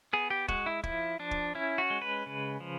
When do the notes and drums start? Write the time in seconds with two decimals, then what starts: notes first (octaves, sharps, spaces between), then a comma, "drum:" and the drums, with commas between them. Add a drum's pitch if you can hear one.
0.13 B3 G#4
0.30 G4
0.48 G#3 F#4, drum: kick
0.66 E4
0.84 F3 E4, drum: kick
1.19 F3 D4
1.31 drum: kick
1.55 C#4 E4
1.78 F#4
1.90 G#3
2.02 B4
2.26 C#3
2.60 F3